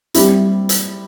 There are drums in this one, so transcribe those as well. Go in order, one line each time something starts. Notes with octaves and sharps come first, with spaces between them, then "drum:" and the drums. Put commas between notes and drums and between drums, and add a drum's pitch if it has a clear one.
G3 C4 E4, drum: hi-hat
drum: hi-hat